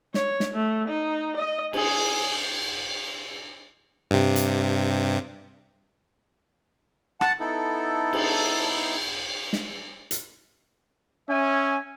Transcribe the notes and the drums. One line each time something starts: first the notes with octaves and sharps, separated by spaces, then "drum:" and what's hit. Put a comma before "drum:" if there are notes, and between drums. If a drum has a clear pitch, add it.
C#5, drum: snare
drum: snare
A3
D#4
D#5
G#4, drum: cymbal
G2 C3
drum: hi-hat
F#5 A5, drum: rim click
B3 D#4 E4 A4
drum: cymbal
drum: snare
drum: hi-hat
C#4 E5 G#5